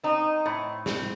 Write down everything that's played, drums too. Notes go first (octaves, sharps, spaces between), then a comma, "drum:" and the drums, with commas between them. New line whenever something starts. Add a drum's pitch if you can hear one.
C4 D#4
A2
C4, drum: snare